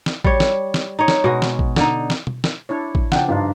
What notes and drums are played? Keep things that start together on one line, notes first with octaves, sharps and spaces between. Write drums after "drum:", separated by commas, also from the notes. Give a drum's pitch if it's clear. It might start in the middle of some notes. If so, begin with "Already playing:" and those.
drum: snare
G3 C#5, drum: kick A1
drum: snare
drum: snare
D#4 C#5
drum: snare
B2 G#3 F#4
drum: snare
drum: kick A1
D3 D#4, drum: snare
drum: snare
drum: tom B2
drum: snare
D4 E4 C#5
drum: kick A1
C#3 F3 D4 F#5 G5, drum: snare
G2 D4 D#4 F4